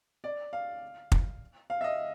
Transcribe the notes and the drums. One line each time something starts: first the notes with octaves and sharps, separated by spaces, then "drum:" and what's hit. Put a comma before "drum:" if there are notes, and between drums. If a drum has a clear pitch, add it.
D5
F5
drum: kick
F5
E5
D#5